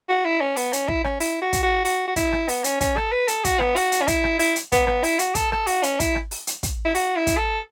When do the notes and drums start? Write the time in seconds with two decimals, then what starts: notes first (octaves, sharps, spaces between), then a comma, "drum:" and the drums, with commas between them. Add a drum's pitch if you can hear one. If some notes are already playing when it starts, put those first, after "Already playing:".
0.09 F#4
0.25 E4
0.41 C#4
0.56 B3, drum: open hi-hat
0.73 C#4, drum: hi-hat
0.88 E4, drum: kick
1.04 C#4, drum: rim click
1.20 E4, drum: open hi-hat
1.42 F#4
1.53 drum: kick, hi-hat
1.63 F#4
1.85 F#4, drum: open hi-hat
2.08 F#4
2.16 E4, drum: kick, hi-hat
2.32 drum: rim click
2.48 B3, drum: open hi-hat
2.64 C#4, drum: hi-hat
2.81 C#4, drum: kick, hi-hat
2.97 A4, drum: rim click
3.12 B4
3.28 A4, drum: hi-hat
3.45 F#4, drum: kick, hi-hat
3.60 B3, drum: rim click
3.76 F#4, drum: open hi-hat
3.92 drum: hi-hat
4.02 C#4
4.08 E4, drum: kick, hi-hat
4.24 drum: rim click
4.39 E4, drum: open hi-hat
4.56 drum: hi-hat
4.72 B3, drum: kick, hi-hat
4.87 B3, drum: rim click
5.03 E4, drum: open hi-hat
5.19 F#4, drum: hi-hat
5.35 A4, drum: kick, hi-hat
5.52 A4, drum: rim click
5.67 F#4, drum: open hi-hat
5.83 C#4, drum: hi-hat
6.00 E4, drum: kick, hi-hat
6.15 drum: rim click
6.31 drum: open hi-hat
6.47 drum: hi-hat
6.63 drum: kick, hi-hat
6.85 E4
6.95 F#4, drum: open hi-hat
7.16 E4
7.27 drum: kick, hi-hat
7.37 A4